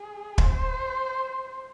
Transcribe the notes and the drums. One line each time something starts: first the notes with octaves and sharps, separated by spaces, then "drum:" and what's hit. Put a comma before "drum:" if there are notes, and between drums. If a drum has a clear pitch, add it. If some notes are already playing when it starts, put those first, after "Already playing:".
Already playing: G#4
C5, drum: kick